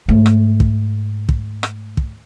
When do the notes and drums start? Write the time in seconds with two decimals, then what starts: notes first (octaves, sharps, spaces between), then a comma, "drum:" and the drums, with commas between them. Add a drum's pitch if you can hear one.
0.08 G#2 A3
0.26 drum: rim click
0.60 drum: kick
1.29 drum: kick
1.63 drum: rim click
1.97 drum: kick